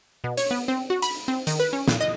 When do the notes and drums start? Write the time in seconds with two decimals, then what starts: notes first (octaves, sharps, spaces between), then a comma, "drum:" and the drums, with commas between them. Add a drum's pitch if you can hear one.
0.24 B2
0.37 C#5, drum: hi-hat
0.51 B3
0.68 C4
0.90 F#4
1.02 B5, drum: hi-hat
1.28 C4
1.47 D#3, drum: hi-hat
1.60 B4
1.73 C#4
1.88 A#2, drum: snare
2.01 D#5